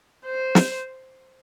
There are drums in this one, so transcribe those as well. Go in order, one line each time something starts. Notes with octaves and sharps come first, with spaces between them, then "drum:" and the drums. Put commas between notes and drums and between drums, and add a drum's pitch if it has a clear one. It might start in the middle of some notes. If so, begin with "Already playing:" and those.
C5
drum: snare